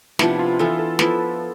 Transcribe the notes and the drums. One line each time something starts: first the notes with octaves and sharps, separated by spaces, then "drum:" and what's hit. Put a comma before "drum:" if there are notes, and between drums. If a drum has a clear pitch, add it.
C3 F3 B3 D4 E4, drum: snare
F4
E3 B3 F4 A4
A4
F3 B3 E4 B4, drum: snare